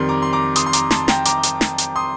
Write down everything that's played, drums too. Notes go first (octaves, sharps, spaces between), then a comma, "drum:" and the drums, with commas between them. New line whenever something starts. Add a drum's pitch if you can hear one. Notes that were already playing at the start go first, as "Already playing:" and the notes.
Already playing: F2 D#3 G3 C6
A#5 D6
C6
A#5 D6
C6 D#6, drum: hi-hat
C6
A#5 D6, drum: hi-hat
A5 C6, drum: snare
G5 A#5, drum: snare
A#5 D6, drum: hi-hat
drum: hi-hat
drum: snare
drum: hi-hat
C6 D#6